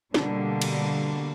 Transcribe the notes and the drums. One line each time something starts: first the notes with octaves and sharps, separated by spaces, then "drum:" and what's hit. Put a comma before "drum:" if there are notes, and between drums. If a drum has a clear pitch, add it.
B2 D3 G3 A#3, drum: snare
drum: cymbal